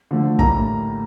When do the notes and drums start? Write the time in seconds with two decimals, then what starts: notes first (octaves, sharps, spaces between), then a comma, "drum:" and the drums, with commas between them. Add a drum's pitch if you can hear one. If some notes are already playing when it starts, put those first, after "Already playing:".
0.11 D3 F3 A3
0.39 A2 G3 A#3 A#5, drum: kick